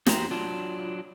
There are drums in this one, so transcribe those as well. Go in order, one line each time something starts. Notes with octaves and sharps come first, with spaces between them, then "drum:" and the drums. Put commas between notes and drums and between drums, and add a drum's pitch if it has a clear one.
E2 F#4 G4 C5 A#5, drum: snare
F#3 D4 F4